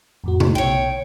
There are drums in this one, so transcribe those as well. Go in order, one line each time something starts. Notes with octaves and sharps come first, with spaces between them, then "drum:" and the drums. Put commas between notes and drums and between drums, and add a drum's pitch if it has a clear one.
F2 A2 F#4
drum: tom C3
B1 B2 C#5 G5